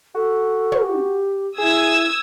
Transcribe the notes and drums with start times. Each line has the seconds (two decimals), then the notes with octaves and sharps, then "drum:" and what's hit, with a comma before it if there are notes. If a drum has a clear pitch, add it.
0.15 F#4 A4
0.72 drum: tom
0.81 G4
1.58 E4 G#4 D#6 E6 G#6